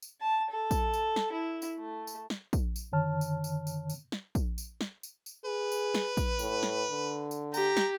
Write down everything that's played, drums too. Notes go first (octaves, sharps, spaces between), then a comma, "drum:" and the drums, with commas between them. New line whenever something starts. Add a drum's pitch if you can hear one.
drum: tambourine
A5
A4
drum: kick, tambourine
drum: tambourine
drum: snare
E4
drum: tambourine
A3
drum: tambourine
drum: snare
drum: kick, tambourine
drum: tambourine
F#2 D3 D#3 C#5 A5 F6
drum: tambourine
drum: tambourine
drum: tambourine
drum: tambourine
drum: snare
drum: kick, tambourine
drum: tambourine
drum: snare
drum: tambourine
drum: tambourine
G#4 B4
drum: tambourine
drum: snare
drum: kick, tambourine
A2, drum: tambourine
drum: snare
D3
drum: tambourine
G4 A#5, drum: tambourine
drum: snare